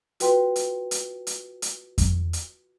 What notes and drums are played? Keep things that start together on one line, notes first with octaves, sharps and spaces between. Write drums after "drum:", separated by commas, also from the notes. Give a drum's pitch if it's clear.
F4 F#4 B4 G5 C6, drum: hi-hat
drum: hi-hat
drum: hi-hat
drum: hi-hat
drum: hi-hat
drum: kick F2, hi-hat
drum: hi-hat